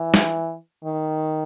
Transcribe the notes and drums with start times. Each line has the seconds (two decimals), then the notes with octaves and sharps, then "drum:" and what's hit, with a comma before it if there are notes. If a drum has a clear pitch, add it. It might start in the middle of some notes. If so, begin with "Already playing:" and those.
Already playing: E3
0.14 drum: snare
0.84 D#3